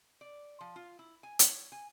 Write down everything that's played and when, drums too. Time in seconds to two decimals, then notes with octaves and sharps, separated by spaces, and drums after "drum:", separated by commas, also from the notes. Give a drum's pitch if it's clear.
0.21 D5
0.61 F3
0.76 F4
0.99 E4
1.23 G#5
1.39 C#5, drum: hi-hat
1.72 G#5